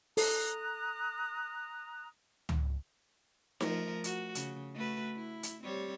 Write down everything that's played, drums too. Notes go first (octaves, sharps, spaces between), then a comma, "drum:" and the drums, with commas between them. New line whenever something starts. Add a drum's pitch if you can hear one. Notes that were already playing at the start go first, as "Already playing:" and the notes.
A4 A#5 D#6 F#6, drum: open hi-hat
drum: tom C#2
F3 A3 A#4, drum: snare D#4
F#4, drum: hi-hat
C#3, drum: hi-hat
A3 F#4 B4
E4
drum: hi-hat
G3 C4 C#5